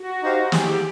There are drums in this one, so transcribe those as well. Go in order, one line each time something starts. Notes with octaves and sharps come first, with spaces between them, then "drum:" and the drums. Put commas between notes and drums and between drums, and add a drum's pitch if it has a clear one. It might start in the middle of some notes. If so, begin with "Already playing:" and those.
Already playing: F#4
D#4 G4 C5 F5
G4 G#4, drum: snare